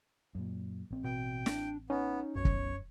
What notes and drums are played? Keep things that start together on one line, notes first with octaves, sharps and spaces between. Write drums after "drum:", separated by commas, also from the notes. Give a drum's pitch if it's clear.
F#2 A#2
A1 C4
B2 G5
D4, drum: snare
B3 C#4 D#4
B1 F#2 C#5
drum: kick